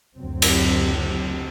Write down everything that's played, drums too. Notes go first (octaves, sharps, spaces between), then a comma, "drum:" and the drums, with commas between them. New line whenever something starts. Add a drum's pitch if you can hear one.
F#1 D2 F#3 C4
drum: cymbal